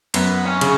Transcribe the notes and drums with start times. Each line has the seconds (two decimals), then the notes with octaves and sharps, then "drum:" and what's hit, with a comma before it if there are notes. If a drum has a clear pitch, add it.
0.14 F#2 B3, drum: cymbal
0.45 C#4
0.61 C#3, drum: cymbal